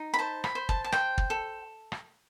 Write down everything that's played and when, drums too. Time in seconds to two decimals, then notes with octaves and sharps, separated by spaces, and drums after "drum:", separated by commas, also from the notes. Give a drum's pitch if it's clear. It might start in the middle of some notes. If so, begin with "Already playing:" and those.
Already playing: D#4
0.14 B5
0.19 C5 A5
0.44 B5, drum: rim click
0.55 C5
0.69 A5, drum: kick
0.84 A5
0.92 C5 G5, drum: rim click
1.18 drum: kick
1.30 A4
1.92 drum: rim click